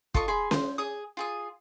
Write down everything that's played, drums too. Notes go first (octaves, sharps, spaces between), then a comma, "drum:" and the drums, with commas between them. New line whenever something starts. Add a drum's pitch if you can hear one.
F4 A4 D#5 C#6, drum: kick
G#4 B5 C6
C5, drum: snare C#4
G#4 D#6
F4 G#4 D#6